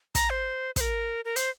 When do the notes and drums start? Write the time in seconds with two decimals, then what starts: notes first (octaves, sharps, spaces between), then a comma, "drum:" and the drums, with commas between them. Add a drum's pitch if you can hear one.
0.15 A#5, drum: kick, hi-hat
0.30 C5
0.76 C5, drum: kick, hi-hat
0.81 A#4
1.25 A#4
1.36 C5, drum: hi-hat